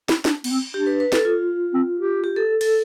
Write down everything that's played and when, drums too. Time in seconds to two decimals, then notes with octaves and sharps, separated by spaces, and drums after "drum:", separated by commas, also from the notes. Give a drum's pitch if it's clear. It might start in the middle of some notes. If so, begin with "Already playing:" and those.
0.09 E4, drum: snare
0.25 D4, drum: snare
0.44 B3, drum: cymbal
0.50 C4
0.74 D4 G4
0.87 B4
1.00 B4
1.12 A4, drum: snare
1.25 F4
1.74 C4
1.99 G4
2.24 G4
2.36 A4
2.61 A4, drum: cymbal